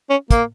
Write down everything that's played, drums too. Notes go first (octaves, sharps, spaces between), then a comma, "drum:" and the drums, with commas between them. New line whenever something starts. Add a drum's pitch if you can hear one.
C#4
A#3, drum: kick, hi-hat